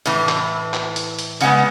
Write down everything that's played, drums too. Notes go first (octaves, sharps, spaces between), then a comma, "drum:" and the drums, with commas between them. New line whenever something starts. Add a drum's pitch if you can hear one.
A2 E3, drum: hi-hat
drum: clap
drum: clap
drum: hi-hat
drum: hi-hat
C#3 G#3 B3 F#5, drum: hi-hat